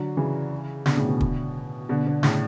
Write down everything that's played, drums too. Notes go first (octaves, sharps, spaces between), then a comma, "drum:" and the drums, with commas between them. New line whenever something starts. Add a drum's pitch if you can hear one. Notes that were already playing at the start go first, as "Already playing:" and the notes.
Already playing: D3 F#3
C#3 E3
B2 D3, drum: snare
A2 C#3
B2 D3
drum: kick
B2 D3
B2 D3
A2 C#3, drum: snare